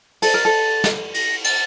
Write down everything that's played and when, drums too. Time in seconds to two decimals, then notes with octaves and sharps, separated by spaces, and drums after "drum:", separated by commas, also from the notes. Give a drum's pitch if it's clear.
0.22 A4 A6, drum: cymbal
0.34 A#4
0.45 A4
0.84 drum: snare
1.14 A#6, drum: cymbal
1.44 A6, drum: cymbal